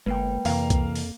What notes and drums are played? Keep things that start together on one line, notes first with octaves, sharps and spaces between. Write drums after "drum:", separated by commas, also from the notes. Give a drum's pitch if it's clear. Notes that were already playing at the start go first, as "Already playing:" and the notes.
G1 G#3 A#3 B4 G5
F2 C3 E3 A#3 F5, drum: open hi-hat
drum: kick C2, hi-hat
drum: open hi-hat